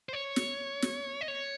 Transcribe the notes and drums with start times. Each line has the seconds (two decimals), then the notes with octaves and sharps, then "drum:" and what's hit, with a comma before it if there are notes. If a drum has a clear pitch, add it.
0.09 C5
0.13 C#5
0.36 drum: snare
0.82 drum: snare
1.21 D#5
1.28 C#5